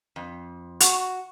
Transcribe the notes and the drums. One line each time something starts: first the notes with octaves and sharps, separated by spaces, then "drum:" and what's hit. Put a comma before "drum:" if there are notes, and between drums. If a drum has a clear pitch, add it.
F2
F#4, drum: hi-hat